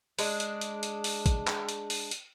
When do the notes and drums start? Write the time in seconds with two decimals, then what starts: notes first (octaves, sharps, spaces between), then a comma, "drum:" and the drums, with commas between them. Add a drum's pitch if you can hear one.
0.19 G#3 D4, drum: open hi-hat
0.40 drum: hi-hat
0.61 drum: hi-hat
0.83 drum: hi-hat
1.04 drum: open hi-hat
1.26 drum: kick, hi-hat
1.47 drum: clap
1.69 drum: hi-hat
1.90 drum: open hi-hat
2.11 drum: hi-hat